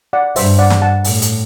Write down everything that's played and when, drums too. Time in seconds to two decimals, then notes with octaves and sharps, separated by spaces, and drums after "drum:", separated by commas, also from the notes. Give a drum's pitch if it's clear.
0.13 D5 F#5
0.36 G2 C5 E5, drum: open hi-hat
0.58 D5 F#5
0.70 drum: snare
0.82 F#5 A5
1.04 A2, drum: open hi-hat
1.22 drum: hi-hat